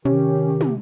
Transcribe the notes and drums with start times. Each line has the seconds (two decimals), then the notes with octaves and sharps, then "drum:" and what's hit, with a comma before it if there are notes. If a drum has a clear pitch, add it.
0.05 C3 D#3 C#4 G4
0.61 drum: tom